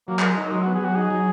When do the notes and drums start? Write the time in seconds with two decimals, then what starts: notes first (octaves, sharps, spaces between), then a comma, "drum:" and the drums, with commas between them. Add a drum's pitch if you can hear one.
0.08 F#3 A#3
0.19 G#3, drum: clap
0.23 A#4
0.29 G#3
0.37 F#3 D#4
0.51 F#3 G#3
0.63 B3 F#4
0.74 G#4
0.81 F#3 F#4
0.96 D#4 G#4
1.10 F#3